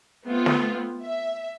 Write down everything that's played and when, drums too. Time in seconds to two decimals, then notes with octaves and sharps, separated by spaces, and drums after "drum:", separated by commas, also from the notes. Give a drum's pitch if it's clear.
0.24 A3 B3 C4 F4
0.46 drum: snare
1.04 E5